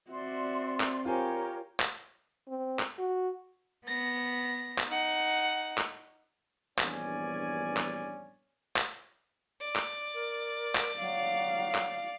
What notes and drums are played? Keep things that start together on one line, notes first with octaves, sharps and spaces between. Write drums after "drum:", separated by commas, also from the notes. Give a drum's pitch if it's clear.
C4 F#4 D5 E5 C6
drum: clap
F4 G4 A#4 C5 C#5 G#5
drum: clap
C4
drum: clap
F#4
B3 A#6
drum: clap
D#4 F#5
drum: clap
A#1 E2 G2 C#4 D5 G#5, drum: clap
drum: clap
drum: clap
D5
drum: clap
A#4
drum: clap
F#3 F5
drum: clap